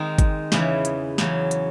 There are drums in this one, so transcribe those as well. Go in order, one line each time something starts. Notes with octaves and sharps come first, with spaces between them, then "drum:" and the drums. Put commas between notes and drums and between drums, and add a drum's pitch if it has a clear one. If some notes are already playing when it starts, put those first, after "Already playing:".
Already playing: D#3 G#3 C4 D#4
drum: kick G1, hi-hat
E2 C#3 E3, drum: snare
drum: hi-hat
E2 C#3 F#3, drum: snare
drum: hi-hat